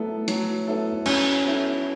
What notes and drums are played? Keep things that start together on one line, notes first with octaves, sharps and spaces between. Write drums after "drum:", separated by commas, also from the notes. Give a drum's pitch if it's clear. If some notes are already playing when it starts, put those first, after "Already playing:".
Already playing: F#3 A3 B3 E4 A4
F#3, drum: hi-hat
B3 E4 A4
F#3 C#4, drum: cymbal
B3 E4 A4